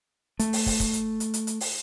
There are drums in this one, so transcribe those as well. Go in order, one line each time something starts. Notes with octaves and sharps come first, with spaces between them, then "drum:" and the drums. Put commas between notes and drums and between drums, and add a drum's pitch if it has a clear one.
A3, drum: hi-hat
drum: open hi-hat
drum: kick, open hi-hat
drum: kick, hi-hat
drum: hi-hat
drum: hi-hat
drum: hi-hat
drum: hi-hat
drum: open hi-hat